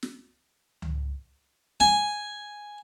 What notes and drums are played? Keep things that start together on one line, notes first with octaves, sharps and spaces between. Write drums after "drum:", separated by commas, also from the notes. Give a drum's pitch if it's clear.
drum: snare
drum: tom C#2
G#5, drum: snare